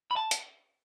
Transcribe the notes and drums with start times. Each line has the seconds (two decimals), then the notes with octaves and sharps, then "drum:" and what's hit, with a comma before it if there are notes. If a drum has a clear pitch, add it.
0.11 B5
0.16 A5
0.31 drum: hi-hat